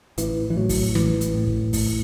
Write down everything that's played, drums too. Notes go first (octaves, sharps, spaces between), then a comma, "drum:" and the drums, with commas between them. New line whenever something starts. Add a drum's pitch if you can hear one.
A1 E3, drum: hi-hat
E3
A2 F#3
drum: kick, open hi-hat
A1 E3, drum: snare
drum: hi-hat
A2
drum: kick
A2, drum: kick, open hi-hat